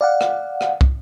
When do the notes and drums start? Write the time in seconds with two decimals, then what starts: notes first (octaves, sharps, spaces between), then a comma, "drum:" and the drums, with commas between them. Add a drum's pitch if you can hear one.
0.01 D5 F5 F#5
0.21 drum: rim click
0.61 drum: rim click
0.81 drum: kick